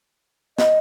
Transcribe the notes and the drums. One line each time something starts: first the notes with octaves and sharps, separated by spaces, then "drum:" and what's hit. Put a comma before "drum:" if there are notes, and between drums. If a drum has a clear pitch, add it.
D#5, drum: snare